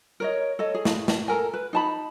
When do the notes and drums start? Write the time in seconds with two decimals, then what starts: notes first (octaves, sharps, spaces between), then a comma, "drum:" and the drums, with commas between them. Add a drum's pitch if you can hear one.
0.20 A#4 C#5 D#5
0.59 A4 C#5 D#5
0.75 G#4
0.85 drum: snare
1.08 drum: snare
1.28 A4 A#4 G#5
1.54 B4
1.73 D#4 A5 B5